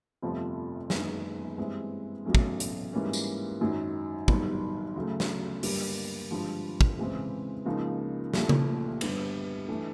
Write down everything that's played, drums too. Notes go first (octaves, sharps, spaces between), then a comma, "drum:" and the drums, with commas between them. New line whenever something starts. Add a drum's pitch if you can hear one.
G1 F2 C3 F3 A3
F#1 F#2 D#3 G#3 B3, drum: snare
G2 E3 G#3 C4 E4
B1 A2 F#3 A3 C#4
drum: kick
drum: hi-hat
G#2 E3 G3 A#3 C#4
drum: tambourine
G#1 F#2 D#3 F#3
G1 G2 D#3 F#3, drum: kick
D2 C#3 F#3 A3
drum: snare
G2 D3 G3 A#3, drum: open hi-hat
G#1 G2 D3 F3
drum: kick
C#3 E3 G#3 C4 E4
C#2 C#3 F3 A#3 D#4
C2 A#2 F3 A3, drum: snare
drum: tom C#3
G2 D3 G3 B3, drum: cymbal
E3 A3 D4